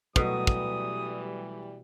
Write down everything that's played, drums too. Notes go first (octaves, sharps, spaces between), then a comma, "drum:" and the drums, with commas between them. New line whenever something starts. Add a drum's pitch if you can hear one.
B2 E3 F#3 G3 A3 D#6, drum: kick
drum: kick